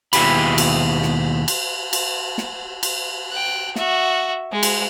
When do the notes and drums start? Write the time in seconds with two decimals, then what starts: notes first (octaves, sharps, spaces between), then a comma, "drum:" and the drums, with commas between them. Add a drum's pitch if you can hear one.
0.13 D#2 B2 E4 G4 G#4 B5, drum: cymbal
0.58 drum: cymbal
1.03 drum: snare
1.48 drum: cymbal
1.93 drum: cymbal
2.38 drum: snare
2.83 drum: cymbal
3.32 G5 F#6
3.76 F#4 E5, drum: snare
4.52 G#3
4.63 drum: cymbal